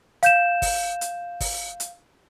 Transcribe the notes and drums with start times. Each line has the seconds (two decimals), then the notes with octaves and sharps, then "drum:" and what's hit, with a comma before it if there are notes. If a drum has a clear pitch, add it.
0.23 F5 G6 E7, drum: hi-hat
0.62 drum: kick, open hi-hat
1.01 drum: hi-hat
1.40 drum: kick, open hi-hat
1.80 drum: hi-hat